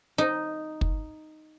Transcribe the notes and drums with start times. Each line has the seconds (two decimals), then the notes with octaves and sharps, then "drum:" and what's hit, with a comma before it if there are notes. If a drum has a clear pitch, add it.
0.18 D#4
0.81 drum: kick